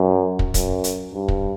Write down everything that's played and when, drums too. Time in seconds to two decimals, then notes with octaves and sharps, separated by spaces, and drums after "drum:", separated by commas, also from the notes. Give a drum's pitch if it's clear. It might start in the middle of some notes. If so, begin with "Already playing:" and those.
Already playing: F#2
0.39 drum: kick
0.54 F#2, drum: kick, hi-hat
0.84 drum: hi-hat
1.13 G2
1.28 drum: kick